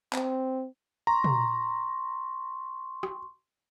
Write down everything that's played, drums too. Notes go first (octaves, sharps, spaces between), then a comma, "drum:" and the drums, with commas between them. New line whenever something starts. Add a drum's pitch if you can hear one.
C4, drum: clap
A#5 C6 C#6
drum: tom
drum: rim click